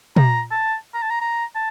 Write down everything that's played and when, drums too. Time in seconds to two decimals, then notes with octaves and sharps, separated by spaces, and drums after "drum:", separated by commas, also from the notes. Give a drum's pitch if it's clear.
0.16 A#5, drum: tom
0.51 A5
0.94 A#5
1.03 A5
1.10 A#5
1.21 A#5
1.55 A5